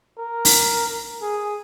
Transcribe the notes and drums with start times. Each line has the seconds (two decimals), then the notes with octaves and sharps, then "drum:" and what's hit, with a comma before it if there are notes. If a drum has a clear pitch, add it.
0.18 A#4
0.45 drum: open hi-hat
1.22 G#4